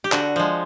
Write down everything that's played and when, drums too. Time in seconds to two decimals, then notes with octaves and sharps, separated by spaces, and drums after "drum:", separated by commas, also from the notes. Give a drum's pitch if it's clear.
0.04 G4
0.12 D3 F#4, drum: clap
0.36 F3 G#3